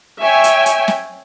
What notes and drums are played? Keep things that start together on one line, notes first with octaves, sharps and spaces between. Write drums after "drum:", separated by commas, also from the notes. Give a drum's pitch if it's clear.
C#5 E5 G5 G#5
drum: hi-hat
drum: hi-hat
drum: snare